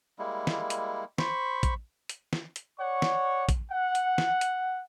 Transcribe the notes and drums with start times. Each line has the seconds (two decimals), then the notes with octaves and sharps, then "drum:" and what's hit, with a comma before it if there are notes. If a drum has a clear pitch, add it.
0.19 G3 G#3 A#3 E4
0.47 drum: snare
0.70 drum: hi-hat
1.18 C5 B5 C#6, drum: snare
1.63 drum: kick, hi-hat
2.09 drum: hi-hat
2.33 drum: snare
2.56 drum: hi-hat
2.79 C#5 D5 F#5 C#6
3.02 drum: snare
3.49 drum: kick, hi-hat
3.72 F#5
3.95 drum: hi-hat
4.18 drum: snare
4.41 drum: hi-hat